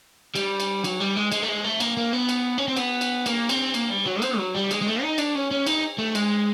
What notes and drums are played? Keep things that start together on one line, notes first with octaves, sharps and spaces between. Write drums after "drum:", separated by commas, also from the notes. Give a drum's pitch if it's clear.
G3, drum: cymbal
drum: cymbal
F#3, drum: cymbal
G3
G#3
G#3, drum: cymbal
A3
G#3
A3
A#3, drum: cymbal
A#3
B3
drum: cymbal
C#4
C4
B3, drum: cymbal
drum: cymbal
A#3, drum: cymbal
C4, drum: cymbal
A#3, drum: cymbal
G3
F#3
C4, drum: cymbal
F#3
G3
G#3, drum: cymbal
G#3
A3
D#4
D4, drum: cymbal
C#4
C#4
D#4, drum: cymbal
A3
G#3, drum: cymbal